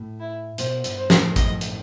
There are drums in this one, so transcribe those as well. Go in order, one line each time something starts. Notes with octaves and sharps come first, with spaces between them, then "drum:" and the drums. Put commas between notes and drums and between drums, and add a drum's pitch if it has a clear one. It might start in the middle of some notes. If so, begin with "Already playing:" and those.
Already playing: A2
E4
B2 C5, drum: hi-hat
G2, drum: hi-hat
C5
A2, drum: snare
A2 D#5, drum: kick, hi-hat
drum: hi-hat